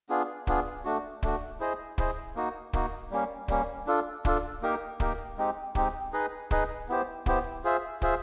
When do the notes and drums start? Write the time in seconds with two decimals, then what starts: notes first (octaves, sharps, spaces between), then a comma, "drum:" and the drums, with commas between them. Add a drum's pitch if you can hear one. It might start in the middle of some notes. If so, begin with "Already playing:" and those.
0.09 B3 D4 F4 G#4
0.47 B3 D4 F4 G#4, drum: kick
0.84 A3 D4 F#4
1.23 A3 D4 F#4, drum: kick
1.60 E4 G#4 C5 D#5
1.98 E4 G#4 C5 D#5, drum: kick
2.35 A#3 D#4 F#4
2.73 A#3 D#4 F#4, drum: kick
3.11 G3 A#3 C#4
3.48 G3 A#3 C#4, drum: kick
3.87 D4 F4 A4
4.25 D4 F4 A4, drum: kick
4.62 A#3 D#4 G4 A#4
5.00 A#3 D#4 G4 A#4, drum: kick
5.37 G#3 C4 D#4 G4
5.75 G#3 C4 D#4 G4, drum: kick
6.13 D#4 G#4 B4 D#5
6.51 D#4 G#4 B4 D#5, drum: kick
6.89 B3 E4 G4 C5
7.26 B3 E4 G4 C5, drum: kick
7.64 F4 G#4 C5 E5
8.02 F4 G#4 C5 E5, drum: kick